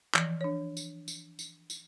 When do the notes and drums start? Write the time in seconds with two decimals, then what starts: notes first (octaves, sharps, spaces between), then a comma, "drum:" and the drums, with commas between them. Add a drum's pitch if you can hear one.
0.15 E3 F3, drum: clap
0.41 D4 C#5
0.77 drum: tambourine
1.08 drum: tambourine
1.39 drum: tambourine
1.70 drum: tambourine